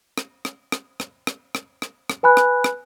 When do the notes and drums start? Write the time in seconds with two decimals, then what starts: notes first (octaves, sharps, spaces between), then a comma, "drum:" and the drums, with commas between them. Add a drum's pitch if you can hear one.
0.18 drum: rim click
0.45 drum: rim click
0.72 drum: rim click
1.00 drum: rim click
1.27 drum: rim click
1.55 drum: rim click
1.82 drum: rim click
2.10 drum: rim click
2.23 B4 G#5 B5 F#6
2.37 drum: rim click
2.64 drum: rim click